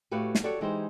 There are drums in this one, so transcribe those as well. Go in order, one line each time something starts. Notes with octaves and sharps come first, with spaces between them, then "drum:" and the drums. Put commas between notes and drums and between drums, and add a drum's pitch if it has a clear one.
A2 F#4 G4 B4 E5 F5
drum: snare
F#4 G4 A4 C#5 D5
E3 G#3 D#4 G4 G#4 C5